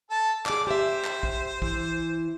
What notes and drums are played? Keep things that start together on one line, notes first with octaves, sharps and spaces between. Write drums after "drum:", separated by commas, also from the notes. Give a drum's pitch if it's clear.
A4 A5
G#4 D5 D6, drum: clap
G4 C5 E5
drum: clap
drum: kick
E3, drum: kick